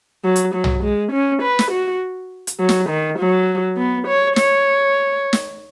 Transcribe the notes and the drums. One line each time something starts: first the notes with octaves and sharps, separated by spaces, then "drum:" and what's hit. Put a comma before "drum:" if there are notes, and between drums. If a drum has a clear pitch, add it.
F#3
drum: hi-hat
F#3
drum: tom
G#3
C#4
B4
drum: snare
F#4
drum: hi-hat
F#3
drum: snare
D#3
F#3
B3
C#5
C#5, drum: snare
drum: snare